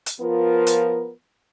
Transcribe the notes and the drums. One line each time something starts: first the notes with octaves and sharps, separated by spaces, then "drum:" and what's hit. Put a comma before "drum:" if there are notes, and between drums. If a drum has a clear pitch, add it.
drum: hi-hat
F3 B3 F4 A#4
drum: hi-hat